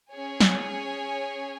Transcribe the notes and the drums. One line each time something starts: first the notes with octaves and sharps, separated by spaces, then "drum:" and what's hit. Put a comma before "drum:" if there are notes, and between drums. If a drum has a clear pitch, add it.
C#4 G#4 C#5 G#5
drum: snare